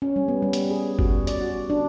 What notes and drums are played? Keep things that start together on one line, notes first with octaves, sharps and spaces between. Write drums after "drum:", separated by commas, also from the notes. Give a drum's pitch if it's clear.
C#4
G3
B3
G3
drum: hi-hat
G#4
F#4, drum: kick G1
D5, drum: hi-hat
F#4
D4